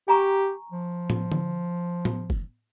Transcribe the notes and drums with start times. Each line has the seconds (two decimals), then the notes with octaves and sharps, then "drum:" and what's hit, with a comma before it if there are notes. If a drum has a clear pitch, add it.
0.08 G4 G#5 A#5 C#6
0.72 F3
1.10 drum: tom
1.32 drum: tom D3
2.05 drum: tom
2.30 drum: kick